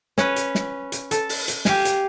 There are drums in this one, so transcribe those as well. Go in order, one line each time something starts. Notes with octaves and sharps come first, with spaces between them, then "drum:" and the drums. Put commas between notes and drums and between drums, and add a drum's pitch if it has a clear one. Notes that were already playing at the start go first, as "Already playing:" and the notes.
C#4 B4, drum: snare
drum: hi-hat
drum: snare
drum: hi-hat
A4, drum: hi-hat
drum: open hi-hat
drum: hi-hat
G4 F5 G#5, drum: snare
drum: hi-hat